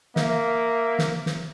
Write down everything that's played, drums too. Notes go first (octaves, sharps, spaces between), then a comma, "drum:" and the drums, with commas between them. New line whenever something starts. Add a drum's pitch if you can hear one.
A#3 E5, drum: snare
drum: snare
drum: snare